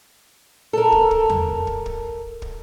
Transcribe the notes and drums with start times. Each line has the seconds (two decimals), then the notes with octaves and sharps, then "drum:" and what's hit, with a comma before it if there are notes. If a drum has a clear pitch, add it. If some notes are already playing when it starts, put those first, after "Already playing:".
0.73 A4 A#4
0.92 drum: kick
1.11 drum: kick
1.30 drum: tom E2
1.67 drum: kick
1.86 drum: kick
2.42 drum: kick